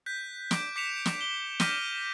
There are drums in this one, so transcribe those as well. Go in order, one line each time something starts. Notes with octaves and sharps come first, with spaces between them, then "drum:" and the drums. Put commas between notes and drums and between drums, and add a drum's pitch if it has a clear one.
F#6 G6 B6
D6 G6 D7, drum: snare
D6 B6 C#7 E7 F7
drum: snare
G7
D6 F6 G6 A#6 B6 D#7, drum: snare